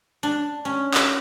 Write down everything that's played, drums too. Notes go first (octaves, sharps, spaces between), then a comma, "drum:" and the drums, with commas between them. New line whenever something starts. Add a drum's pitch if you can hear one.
D4
C#4
drum: clap